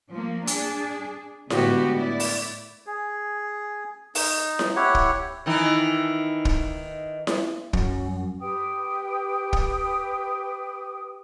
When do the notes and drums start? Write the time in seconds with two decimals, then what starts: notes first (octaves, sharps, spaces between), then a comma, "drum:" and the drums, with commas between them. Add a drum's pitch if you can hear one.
0.11 F3 A#3
0.47 D4 G#4, drum: hi-hat
1.50 A2 D3 G#3 B3 F#4 G4, drum: snare E4
1.96 E4 D5
2.20 drum: open hi-hat
2.86 G#4
4.15 D#4, drum: open hi-hat
4.59 drum: snare E4
4.76 E4 G4 C#5 F#5
4.95 drum: kick
5.46 D#3 E3 D#4
6.45 drum: kick
7.27 drum: snare E4
7.73 F#2, drum: kick
8.41 G4 B4 G5 D#6
9.53 drum: kick